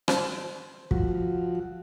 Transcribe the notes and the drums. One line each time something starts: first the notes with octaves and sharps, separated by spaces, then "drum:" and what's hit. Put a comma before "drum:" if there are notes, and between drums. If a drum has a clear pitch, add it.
C5, drum: rim click
F3 F#4, drum: kick